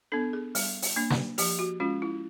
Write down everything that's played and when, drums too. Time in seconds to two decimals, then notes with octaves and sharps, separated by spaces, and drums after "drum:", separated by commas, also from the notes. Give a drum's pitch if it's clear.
0.12 B3 D4 A4
0.33 G#4
0.55 G3, drum: open hi-hat
0.82 drum: open hi-hat
0.96 A#3 D4
1.10 drum: snare
1.38 F3 G4, drum: open hi-hat
1.59 F#4
1.80 G#3 C#4 F4
2.02 E4